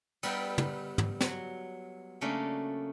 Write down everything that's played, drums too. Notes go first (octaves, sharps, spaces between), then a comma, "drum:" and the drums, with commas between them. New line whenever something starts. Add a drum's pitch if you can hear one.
G3 B3 A#4 E5 G5, drum: cymbal
drum: tom
drum: tom
F#3, drum: snare
C#3 A3 A#3 C#4 D4